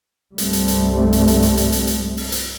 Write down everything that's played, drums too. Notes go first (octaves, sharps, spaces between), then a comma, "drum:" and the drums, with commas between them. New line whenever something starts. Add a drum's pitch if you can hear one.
C2 G2 G3 A3 C4, drum: hi-hat
drum: hi-hat
drum: hi-hat
drum: hi-hat
drum: hi-hat
drum: hi-hat
drum: hi-hat
drum: hi-hat
drum: hi-hat
drum: open hi-hat
drum: hi-hat